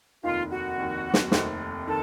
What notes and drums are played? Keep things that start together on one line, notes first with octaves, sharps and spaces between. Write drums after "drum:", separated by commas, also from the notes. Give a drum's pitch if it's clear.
F1 D#2 D#3 F4
F#4
F1 D#2 D#3
drum: snare
F1 D#2 D#3 A3 C4, drum: snare
D#3 A4